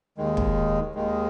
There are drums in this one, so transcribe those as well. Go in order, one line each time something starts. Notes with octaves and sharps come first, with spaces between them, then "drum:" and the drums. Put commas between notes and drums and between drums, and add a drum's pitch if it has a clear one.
D#2 D#3 G#3
drum: kick
D#2 D#3 G#3